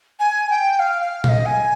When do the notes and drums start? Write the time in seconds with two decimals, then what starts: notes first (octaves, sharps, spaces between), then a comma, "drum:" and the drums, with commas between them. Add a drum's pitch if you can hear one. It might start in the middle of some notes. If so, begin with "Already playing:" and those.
0.19 G#5
0.50 G5
0.79 F5
1.02 F5
1.24 F5, drum: tom A#2
1.29 D#5
1.46 G#5